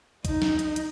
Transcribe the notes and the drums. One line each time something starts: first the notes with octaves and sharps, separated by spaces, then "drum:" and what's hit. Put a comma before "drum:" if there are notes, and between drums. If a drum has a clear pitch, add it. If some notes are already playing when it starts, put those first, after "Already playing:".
D#4, drum: kick, hi-hat
drum: snare
drum: hi-hat
drum: hi-hat